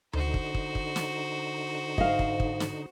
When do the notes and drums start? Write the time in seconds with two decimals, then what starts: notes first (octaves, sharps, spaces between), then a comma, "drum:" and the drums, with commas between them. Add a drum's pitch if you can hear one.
0.13 D3 D#4 F#4 C5, drum: tom D2
0.34 drum: kick
0.55 drum: kick
0.75 drum: kick
0.96 drum: snare
1.98 G#2 D#5 F5, drum: kick
2.19 drum: kick
2.40 drum: kick
2.60 drum: snare